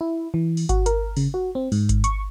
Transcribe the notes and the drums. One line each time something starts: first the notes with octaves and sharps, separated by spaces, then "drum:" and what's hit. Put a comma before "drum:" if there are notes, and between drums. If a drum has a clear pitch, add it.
E4
E3
drum: open hi-hat
F#4, drum: kick G#1, hi-hat
A#4, drum: hi-hat
C#3, drum: open hi-hat
F#4
C4
G#2, drum: open hi-hat
drum: kick G#1, hi-hat
C#6, drum: hi-hat